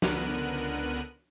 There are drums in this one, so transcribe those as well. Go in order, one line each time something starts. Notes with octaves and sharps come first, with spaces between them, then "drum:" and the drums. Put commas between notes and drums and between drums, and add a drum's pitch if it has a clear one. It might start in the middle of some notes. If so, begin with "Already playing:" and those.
C#2 D3 B3 A#4 F#6 D#7, drum: snare